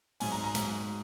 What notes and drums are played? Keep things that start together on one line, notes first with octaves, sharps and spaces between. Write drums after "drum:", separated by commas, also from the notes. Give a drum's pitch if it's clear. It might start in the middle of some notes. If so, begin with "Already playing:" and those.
G#2 F#3 G#5, drum: open hi-hat
A#5
A#5
G#2 F#3, drum: hi-hat